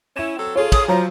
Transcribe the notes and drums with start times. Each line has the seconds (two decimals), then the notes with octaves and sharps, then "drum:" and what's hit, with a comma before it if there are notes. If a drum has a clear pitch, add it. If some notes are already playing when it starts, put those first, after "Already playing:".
0.17 C#4 E4 E7
0.37 F#3 C4 A4
0.56 F4 G#4 A4 C#5
0.72 D#6, drum: kick, cymbal
0.88 F3 F#3 A#5